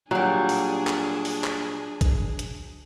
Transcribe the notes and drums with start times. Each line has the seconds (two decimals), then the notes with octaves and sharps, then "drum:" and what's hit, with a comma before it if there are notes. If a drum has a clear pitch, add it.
0.11 A#2 F#3 G3 D4 G#4
0.49 drum: open hi-hat
0.87 drum: clap
1.25 drum: open hi-hat
1.44 drum: clap
2.01 drum: kick B1, hi-hat
2.39 drum: hi-hat